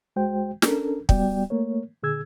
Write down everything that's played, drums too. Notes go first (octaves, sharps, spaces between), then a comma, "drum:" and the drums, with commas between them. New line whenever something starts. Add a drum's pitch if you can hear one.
C2 G#3 F#4 C5 G5
C#4 D4 A4 A#4, drum: snare
G3 B3 F#4 D5 G5, drum: kick
A3 A#3 A#4 C#5
A#2 D3 G#4 E6 G#6